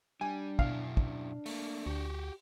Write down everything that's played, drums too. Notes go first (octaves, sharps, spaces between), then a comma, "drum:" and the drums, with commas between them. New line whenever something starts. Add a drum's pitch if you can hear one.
G3 D4 G#5
F#2 B2 E4 F5, drum: kick
D4, drum: kick
A3 A#3, drum: open hi-hat
D2 F#4 G4